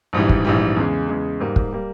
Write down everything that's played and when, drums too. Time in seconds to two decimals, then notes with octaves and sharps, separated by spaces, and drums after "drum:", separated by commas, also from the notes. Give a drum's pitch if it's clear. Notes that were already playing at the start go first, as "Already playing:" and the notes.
0.13 A#1 G#2 E3 G3
0.29 drum: kick
0.45 A#1 G#2 E3 G3
0.76 E2 C#3 G#3
1.08 E2 C#3 G#3
1.40 G#2 G3 A#3
1.56 drum: kick
1.73 G3 A#3